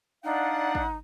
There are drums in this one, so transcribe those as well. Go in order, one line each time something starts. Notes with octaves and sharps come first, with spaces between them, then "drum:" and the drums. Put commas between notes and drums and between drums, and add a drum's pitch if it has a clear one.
D4 D#4 D5 F5 F#5
drum: kick